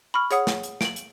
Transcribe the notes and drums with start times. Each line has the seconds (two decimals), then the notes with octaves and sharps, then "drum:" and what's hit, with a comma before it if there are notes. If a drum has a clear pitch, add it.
0.14 B5 C#6 F6
0.31 G#4 C#5 F#5 D#6, drum: hi-hat
0.47 drum: snare
0.63 drum: hi-hat
0.81 D7 F#7, drum: snare
0.96 drum: hi-hat